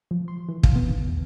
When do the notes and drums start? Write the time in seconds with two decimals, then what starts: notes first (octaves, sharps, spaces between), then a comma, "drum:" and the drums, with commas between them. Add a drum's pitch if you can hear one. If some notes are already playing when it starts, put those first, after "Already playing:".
0.11 F3
0.28 C6
0.49 E3
0.63 F5, drum: kick
0.75 B3
0.88 D#3
1.08 E2